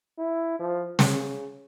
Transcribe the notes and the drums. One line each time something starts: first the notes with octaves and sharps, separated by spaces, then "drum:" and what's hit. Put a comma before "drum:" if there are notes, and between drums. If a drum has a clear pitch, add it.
E4
F3
C#3, drum: snare